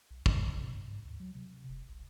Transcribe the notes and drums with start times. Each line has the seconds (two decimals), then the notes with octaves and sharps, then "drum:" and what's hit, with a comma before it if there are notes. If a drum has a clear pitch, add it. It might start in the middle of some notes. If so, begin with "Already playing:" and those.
0.11 B1
0.26 E2, drum: kick
0.45 G#2
0.59 B2
0.73 G2
0.88 G#2
1.05 D2
1.20 F#3
1.35 C3
1.69 E1
1.89 B1